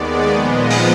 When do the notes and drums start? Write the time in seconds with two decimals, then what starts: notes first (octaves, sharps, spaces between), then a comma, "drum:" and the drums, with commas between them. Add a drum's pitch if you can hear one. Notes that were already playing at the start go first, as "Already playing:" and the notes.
Already playing: D#2 D#3 G#3 B3 D5
0.29 A#2 F3 G#3 B3 D#5
0.70 drum: open hi-hat